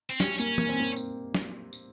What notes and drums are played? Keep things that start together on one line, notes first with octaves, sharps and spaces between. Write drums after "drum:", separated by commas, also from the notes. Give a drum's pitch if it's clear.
C4
G3 C#4, drum: snare
A#3 C#4
A#3, drum: tom
C4
A#3
drum: tambourine
drum: snare
drum: tambourine